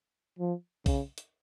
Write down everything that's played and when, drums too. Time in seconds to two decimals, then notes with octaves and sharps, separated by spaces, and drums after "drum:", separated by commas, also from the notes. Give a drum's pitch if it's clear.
0.39 F3
0.86 C#3, drum: kick B1, open hi-hat
1.18 drum: hi-hat